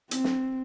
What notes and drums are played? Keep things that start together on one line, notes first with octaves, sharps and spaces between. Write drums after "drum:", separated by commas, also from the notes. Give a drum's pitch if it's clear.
C4, drum: hi-hat
drum: snare